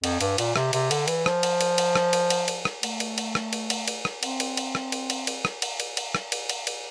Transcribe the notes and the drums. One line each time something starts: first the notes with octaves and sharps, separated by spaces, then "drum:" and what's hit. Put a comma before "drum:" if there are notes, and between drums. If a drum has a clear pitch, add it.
F2, drum: cymbal
G2, drum: cymbal
A#2, drum: cymbal
C3, drum: rim click
C3, drum: cymbal
D3, drum: cymbal
E3, drum: cymbal
F3, drum: rim click
drum: cymbal
drum: cymbal
drum: cymbal
drum: rim click
drum: cymbal
drum: cymbal
drum: cymbal
drum: rim click
A3, drum: cymbal
drum: cymbal
drum: cymbal
drum: rim click
drum: cymbal
drum: cymbal
drum: cymbal
drum: rim click
C4, drum: cymbal
drum: cymbal
drum: cymbal
drum: rim click
drum: cymbal
drum: cymbal
drum: cymbal
drum: rim click
drum: cymbal
drum: cymbal
drum: cymbal
drum: rim click
drum: cymbal
drum: cymbal
drum: cymbal